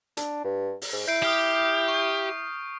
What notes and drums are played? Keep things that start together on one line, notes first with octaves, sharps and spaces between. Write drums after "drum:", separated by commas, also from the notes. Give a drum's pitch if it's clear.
D4, drum: hi-hat
G2
drum: open hi-hat
G#2
E4 G6 C7 D7
G4 D#6 F6 C7
C#6